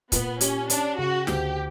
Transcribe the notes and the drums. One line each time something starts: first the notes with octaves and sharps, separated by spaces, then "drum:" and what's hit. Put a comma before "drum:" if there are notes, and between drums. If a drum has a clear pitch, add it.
A#2 B3, drum: kick C#1, hi-hat
C#4 G4, drum: hi-hat
C#4 D4, drum: hi-hat
C#3 F#4
D2 G4, drum: snare